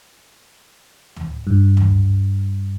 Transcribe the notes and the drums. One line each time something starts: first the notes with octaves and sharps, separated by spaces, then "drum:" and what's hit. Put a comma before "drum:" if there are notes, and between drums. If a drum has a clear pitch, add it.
drum: tom C#2
G2
drum: tom C#2